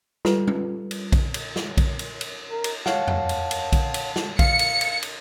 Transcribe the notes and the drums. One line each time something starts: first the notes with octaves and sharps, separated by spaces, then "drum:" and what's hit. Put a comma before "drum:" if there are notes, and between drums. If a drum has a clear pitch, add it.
G3 F4 A4 B4, drum: snare
drum: tom G3
drum: cymbal
drum: kick A#1, cymbal
drum: cymbal
drum: snare
drum: kick A#1, cymbal
drum: cymbal
drum: cymbal
A#4
drum: cymbal
C#5 F5 F#5 A5, drum: snare
drum: tom E2
drum: cymbal
drum: cymbal
drum: kick A#1, cymbal
drum: cymbal
drum: snare
F5 C#7, drum: kick A#1, cymbal
drum: cymbal
drum: cymbal
drum: cymbal